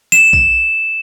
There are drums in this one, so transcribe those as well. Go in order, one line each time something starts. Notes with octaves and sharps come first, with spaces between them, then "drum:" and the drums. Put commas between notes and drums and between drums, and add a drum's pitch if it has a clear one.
E7
drum: kick A#1